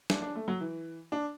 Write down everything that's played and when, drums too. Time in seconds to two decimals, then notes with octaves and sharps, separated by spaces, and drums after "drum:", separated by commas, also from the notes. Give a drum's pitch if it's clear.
0.10 D4, drum: snare
0.22 D4
0.35 A3
0.48 F#3
0.61 E3
1.12 D4